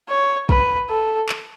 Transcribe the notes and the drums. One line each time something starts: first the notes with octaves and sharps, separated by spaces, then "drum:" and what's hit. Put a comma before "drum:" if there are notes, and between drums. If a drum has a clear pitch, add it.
C#5
B4, drum: kick
A4
drum: clap